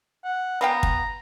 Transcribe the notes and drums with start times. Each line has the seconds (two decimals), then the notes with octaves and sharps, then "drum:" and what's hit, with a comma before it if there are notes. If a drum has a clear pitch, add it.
0.24 F#5
0.61 B3 F5 G5 A#5
0.83 drum: kick